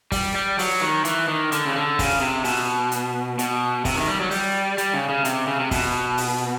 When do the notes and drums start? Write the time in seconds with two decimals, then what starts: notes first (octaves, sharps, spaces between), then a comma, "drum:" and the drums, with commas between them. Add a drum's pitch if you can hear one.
0.12 G3, drum: kick, open hi-hat
0.35 G3
0.59 F#3, drum: open hi-hat
0.81 D#3
1.05 E3, drum: hi-hat
1.28 D#3
1.52 D3, drum: hi-hat
1.65 C#3
1.75 D3
1.99 C#3, drum: kick, open hi-hat
2.21 C3
2.44 B2, drum: open hi-hat
2.92 drum: hi-hat
3.39 B2, drum: hi-hat
3.85 C3, drum: kick, open hi-hat
3.96 D#3
4.08 G3
4.20 F#3
4.31 G3, drum: open hi-hat
4.78 G3, drum: hi-hat
4.94 C#3
5.09 C#3
5.25 C3, drum: hi-hat
5.47 C#3
5.60 C3
5.71 B2, drum: kick, open hi-hat
6.18 drum: open hi-hat